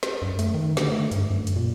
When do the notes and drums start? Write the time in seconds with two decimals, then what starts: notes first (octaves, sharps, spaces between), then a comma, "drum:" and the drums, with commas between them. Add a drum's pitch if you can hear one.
0.03 drum: snare
0.22 F#2
0.39 A3, drum: hi-hat
0.54 D#3
0.77 D3, drum: snare
0.92 A3
1.12 G2, drum: hi-hat
1.31 F#2
1.47 drum: hi-hat
1.56 A#2